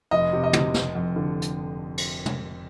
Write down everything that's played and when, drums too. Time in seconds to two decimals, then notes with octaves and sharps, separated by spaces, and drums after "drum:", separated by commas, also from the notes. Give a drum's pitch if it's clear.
0.11 F1 D#5
0.33 C3
0.44 D#5
0.53 C3, drum: tom
0.74 F1, drum: snare
0.95 F2
1.16 D3
1.42 drum: hi-hat
1.98 drum: cymbal
2.26 drum: tom